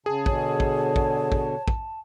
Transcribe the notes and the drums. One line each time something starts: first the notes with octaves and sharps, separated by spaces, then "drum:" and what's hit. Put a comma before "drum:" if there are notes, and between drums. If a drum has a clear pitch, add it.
C#3 G#4 A5
B2 D3 C#5, drum: kick
drum: kick
drum: kick
drum: kick
drum: kick